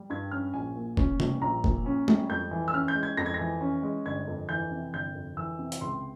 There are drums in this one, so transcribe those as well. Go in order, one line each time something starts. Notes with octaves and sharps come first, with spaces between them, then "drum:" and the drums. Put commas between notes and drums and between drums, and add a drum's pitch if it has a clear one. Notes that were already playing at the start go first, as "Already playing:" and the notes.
Already playing: G3
G2 G#6
C#4 F6
A#1 G#5
A#2
C#4, drum: kick
G3, drum: tom C3
A#1 A#5
A#2, drum: kick
C#4
G3, drum: tom G#3
F2 G6
E3
E6
C#4 F6
G6
G#3
G#6
F2 A#6
G#6
A#6
E3
C#4
G#3
G1 G#6
F2
E3 G6
C3
G1 G6
F2
E3 E6
C3
drum: hi-hat
C#2 C6